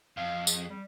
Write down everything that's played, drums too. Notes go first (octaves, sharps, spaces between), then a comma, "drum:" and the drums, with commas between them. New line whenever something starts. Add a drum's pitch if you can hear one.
F2 F5
G#4, drum: tambourine
G3